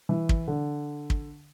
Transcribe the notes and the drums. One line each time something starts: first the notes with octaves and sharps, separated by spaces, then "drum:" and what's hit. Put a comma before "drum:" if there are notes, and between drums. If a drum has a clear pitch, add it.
E3
drum: kick
D3
drum: kick